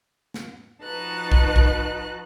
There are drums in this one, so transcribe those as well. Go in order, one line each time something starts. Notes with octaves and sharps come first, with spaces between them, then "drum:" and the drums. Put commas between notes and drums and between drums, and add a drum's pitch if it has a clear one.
drum: snare
F3 D#4 F#4 B4 A5 F#6
drum: kick
drum: kick